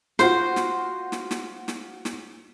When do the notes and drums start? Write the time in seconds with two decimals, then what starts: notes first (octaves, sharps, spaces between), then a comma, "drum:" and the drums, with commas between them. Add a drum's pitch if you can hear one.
0.19 F4 F#4 C5, drum: snare
0.56 drum: snare
1.12 drum: snare
1.31 drum: snare
1.68 drum: snare
2.05 drum: snare